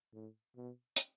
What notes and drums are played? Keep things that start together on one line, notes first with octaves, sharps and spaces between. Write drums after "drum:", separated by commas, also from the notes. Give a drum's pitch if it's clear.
A2
B2
drum: hi-hat